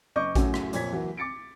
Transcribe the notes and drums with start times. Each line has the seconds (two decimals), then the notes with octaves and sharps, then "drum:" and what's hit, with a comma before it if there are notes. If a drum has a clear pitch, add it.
0.16 F#1 D#5 C#6 D6 G6
0.35 F#2 F#3 A3 C#4, drum: kick A1, hi-hat
0.54 drum: rim click
0.73 F2 A#2 C#5 G#6 B6, drum: hi-hat
0.93 E3 F#3 A#3
1.17 D6 A6 C#7 D7